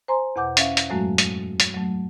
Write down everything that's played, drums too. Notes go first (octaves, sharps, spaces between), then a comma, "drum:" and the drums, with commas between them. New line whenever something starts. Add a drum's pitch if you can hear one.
C5 G#5 A#5 C6
E2 B2 F#5 D6 G6
C#4 E5 F5, drum: hi-hat
drum: hi-hat
F#2 A2 F#3 G#3 A3 F#4
drum: hi-hat
drum: hi-hat
F#3 A3